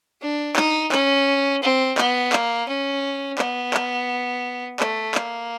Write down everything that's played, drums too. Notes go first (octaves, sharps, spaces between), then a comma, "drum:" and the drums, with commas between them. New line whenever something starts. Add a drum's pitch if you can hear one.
D4
D#4, drum: clap
C#4, drum: clap
C4
B3, drum: clap
A#3, drum: clap
C#4
B3, drum: clap
drum: clap
A3, drum: clap
A#3, drum: clap